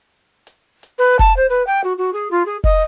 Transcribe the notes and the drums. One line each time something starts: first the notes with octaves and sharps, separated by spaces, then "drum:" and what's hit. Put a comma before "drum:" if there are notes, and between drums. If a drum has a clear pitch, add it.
drum: hi-hat
drum: hi-hat
B4
A5, drum: kick, hi-hat
C5
B4
G5
F#4
F#4
G#4
F4
G#4
D#5, drum: kick